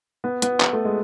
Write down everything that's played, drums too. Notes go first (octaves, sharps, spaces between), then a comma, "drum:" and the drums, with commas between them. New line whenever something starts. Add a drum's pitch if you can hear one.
B3
B3, drum: hi-hat
drum: clap
A3
G#3